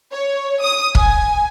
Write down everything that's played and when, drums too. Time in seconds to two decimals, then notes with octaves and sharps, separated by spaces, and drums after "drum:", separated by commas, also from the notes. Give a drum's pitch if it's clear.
0.12 C#5
0.62 D#6
0.95 G#5, drum: kick